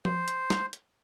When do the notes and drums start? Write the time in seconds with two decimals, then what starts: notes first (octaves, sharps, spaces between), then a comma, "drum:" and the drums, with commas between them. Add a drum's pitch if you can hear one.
0.05 C5, drum: tom F3
0.28 drum: hi-hat
0.50 drum: snare
0.73 drum: hi-hat